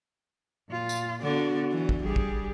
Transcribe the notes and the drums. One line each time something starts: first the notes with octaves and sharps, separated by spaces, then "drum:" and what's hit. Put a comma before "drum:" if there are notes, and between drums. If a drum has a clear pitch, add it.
A#2 F4
drum: tambourine
D3 B3 F#4 D5
E3
drum: kick
G3 G4 G#4
drum: kick